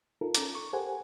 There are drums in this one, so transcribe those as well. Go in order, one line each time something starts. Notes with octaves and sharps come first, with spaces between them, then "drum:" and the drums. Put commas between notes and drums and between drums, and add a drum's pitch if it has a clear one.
D#4 F4 A4 A#4
C#4 A4 A#5 D6, drum: hi-hat
C#6
G4 A4 A#4 C5 F#5 G#5